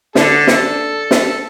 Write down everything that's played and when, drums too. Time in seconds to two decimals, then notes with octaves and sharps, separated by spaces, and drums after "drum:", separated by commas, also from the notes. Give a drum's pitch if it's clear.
0.15 D3 E4 A4, drum: snare
0.47 drum: snare
1.11 drum: snare